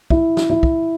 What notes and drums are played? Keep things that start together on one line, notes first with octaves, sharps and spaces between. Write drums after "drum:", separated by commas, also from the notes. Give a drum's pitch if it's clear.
E4, drum: kick
drum: snare
E4
drum: kick